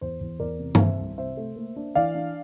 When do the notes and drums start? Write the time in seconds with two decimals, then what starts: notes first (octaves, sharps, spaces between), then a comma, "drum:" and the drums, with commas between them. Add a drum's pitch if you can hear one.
0.01 E2 C5
0.21 E2
0.40 E2 A#4 D5
0.60 C3
0.75 F5, drum: tom G2
0.78 C3 C5 E5
0.99 C2
1.18 C3 C5 E5
1.37 A3
1.56 A#3
1.76 D4
1.95 E3 D5 F5
2.15 D4